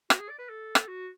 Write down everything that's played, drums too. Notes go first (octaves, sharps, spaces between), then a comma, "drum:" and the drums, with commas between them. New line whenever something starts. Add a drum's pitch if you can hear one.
F#4, drum: rim click
G#4
D5
B4
A4
drum: rim click
F#4